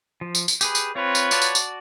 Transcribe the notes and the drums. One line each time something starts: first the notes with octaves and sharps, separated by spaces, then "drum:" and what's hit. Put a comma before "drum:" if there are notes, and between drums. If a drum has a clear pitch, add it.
F3
drum: tambourine
drum: tambourine
G4 G#4 B4, drum: tambourine
drum: tambourine
C4 F4 B4 C#5
drum: tambourine
F#4 D5 A5, drum: tambourine
drum: tambourine
drum: tambourine